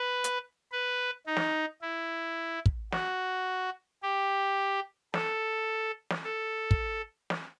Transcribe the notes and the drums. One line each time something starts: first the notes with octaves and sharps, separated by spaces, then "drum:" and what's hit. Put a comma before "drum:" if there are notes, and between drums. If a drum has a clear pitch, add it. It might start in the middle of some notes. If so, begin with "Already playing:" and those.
Already playing: B4
drum: hi-hat
B4
D#4
drum: snare
E4
drum: kick
F#4, drum: snare
G4
A4, drum: snare
drum: snare
A4
drum: kick
drum: snare